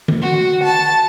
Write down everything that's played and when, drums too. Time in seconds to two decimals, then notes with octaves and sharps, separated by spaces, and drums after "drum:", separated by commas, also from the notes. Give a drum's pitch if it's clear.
0.08 drum: tom D3
0.22 F#4
0.63 A5